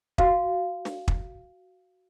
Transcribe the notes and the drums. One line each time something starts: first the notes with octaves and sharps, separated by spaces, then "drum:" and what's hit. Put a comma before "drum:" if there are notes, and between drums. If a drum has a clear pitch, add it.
F#4 F5, drum: kick
drum: snare
drum: kick